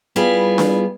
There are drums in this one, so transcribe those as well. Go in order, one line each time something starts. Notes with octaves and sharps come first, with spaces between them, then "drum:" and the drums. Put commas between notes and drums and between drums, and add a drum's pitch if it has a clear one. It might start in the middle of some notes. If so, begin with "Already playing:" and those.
G3 B3 E4 F4 G#4
drum: snare D4